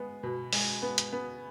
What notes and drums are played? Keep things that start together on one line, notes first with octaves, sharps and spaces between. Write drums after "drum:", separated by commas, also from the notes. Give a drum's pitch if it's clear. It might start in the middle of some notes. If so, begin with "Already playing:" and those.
Already playing: G#3 B3
B2
G#3, drum: open hi-hat
B3
drum: hi-hat
B3